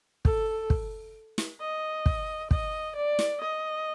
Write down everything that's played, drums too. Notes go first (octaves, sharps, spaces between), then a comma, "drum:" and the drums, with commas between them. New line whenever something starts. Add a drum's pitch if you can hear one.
A4, drum: kick
drum: kick
drum: snare
D#5
drum: kick
D#5, drum: kick
D5
drum: snare
D#5